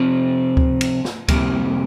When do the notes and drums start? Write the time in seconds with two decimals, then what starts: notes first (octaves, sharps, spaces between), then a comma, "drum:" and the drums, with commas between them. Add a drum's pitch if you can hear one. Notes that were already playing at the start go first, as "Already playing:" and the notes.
Already playing: C3 F3 C4
0.57 drum: kick C#2
0.81 drum: cymbal
1.05 drum: snare
1.28 F2 C3 G3 A#3, drum: kick C#2, cymbal